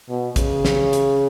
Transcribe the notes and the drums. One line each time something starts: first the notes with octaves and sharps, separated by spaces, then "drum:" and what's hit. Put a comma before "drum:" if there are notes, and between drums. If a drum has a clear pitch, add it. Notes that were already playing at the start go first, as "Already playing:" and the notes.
B2
C#3, drum: kick, hi-hat
drum: snare
drum: hi-hat